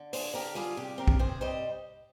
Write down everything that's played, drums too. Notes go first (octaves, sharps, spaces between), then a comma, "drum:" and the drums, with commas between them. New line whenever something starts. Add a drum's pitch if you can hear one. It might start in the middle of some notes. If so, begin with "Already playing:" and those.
Already playing: D3
D4 G#4 C5, drum: open hi-hat
D3 G4 A#4
G3 F4 G#4
C3 G4
C4 G4 A#4
drum: kick
C3 G#4 C5
G3 C5 D#5